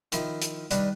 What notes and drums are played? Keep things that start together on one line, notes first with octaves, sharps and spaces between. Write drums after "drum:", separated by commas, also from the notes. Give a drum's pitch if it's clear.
D#3 F3 E4, drum: hi-hat
drum: hi-hat
D#3 G3 D4 B4, drum: hi-hat